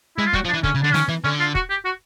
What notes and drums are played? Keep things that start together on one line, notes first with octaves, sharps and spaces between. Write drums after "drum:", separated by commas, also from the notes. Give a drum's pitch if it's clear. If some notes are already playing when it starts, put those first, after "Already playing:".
G#3 E4
F4
G3 F#4, drum: kick
F3
D4
E3
D3 C#4, drum: kick
C#3
D3 D4
D#3 C#4, drum: snare
E3
D3 C#4
F4
F#4, drum: kick
G4
F#4